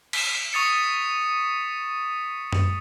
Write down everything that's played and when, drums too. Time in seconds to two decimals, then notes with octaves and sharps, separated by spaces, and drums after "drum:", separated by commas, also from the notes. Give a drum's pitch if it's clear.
0.13 B6 E7, drum: cymbal
0.53 C#6 D#6 A6 C#7
2.53 drum: tom F#2